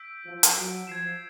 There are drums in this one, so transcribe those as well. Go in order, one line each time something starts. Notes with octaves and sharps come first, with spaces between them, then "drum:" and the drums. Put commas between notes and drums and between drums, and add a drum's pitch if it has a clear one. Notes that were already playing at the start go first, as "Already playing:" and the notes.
Already playing: E6 G6 B6 D7
F3
drum: hi-hat
F#3
F3 G#6 C7 E7